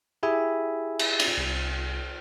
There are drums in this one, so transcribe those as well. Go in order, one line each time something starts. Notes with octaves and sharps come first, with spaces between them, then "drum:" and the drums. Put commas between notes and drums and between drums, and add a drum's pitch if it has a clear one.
E4 G4 G#4 E5 G#5 B5
drum: cymbal
drum: cymbal
C2